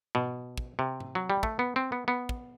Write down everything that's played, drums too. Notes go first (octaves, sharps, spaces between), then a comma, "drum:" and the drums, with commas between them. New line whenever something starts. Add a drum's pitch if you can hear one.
B2, drum: tom G#2
drum: kick
C3
drum: tom G#2
F#3
G3
A3, drum: kick
B3
C4
B3
B3
drum: kick